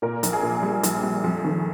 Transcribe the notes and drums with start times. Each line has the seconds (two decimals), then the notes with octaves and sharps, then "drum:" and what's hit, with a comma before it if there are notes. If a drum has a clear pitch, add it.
0.02 A#2 A#4
0.23 A#1, drum: hi-hat
0.33 G#4
0.43 A#2
0.63 G3
0.83 A#1, drum: hi-hat
1.04 G3
1.24 F2
1.45 D#3